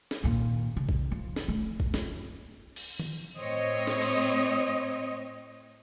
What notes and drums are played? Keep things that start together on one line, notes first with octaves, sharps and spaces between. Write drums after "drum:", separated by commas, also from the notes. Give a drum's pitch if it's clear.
drum: snare
D#2 A#2
C#3
drum: kick A#1
F3
drum: snare
A3
drum: kick A#1
F4, drum: snare
drum: cymbal
drum: tom D#3
A2 C4 C#5 D#5
drum: snare
drum: cymbal